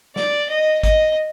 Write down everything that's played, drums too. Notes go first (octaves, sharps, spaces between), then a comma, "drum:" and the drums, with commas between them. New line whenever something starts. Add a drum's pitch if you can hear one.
D5, drum: snare
D#5
D#5, drum: kick G#1, hi-hat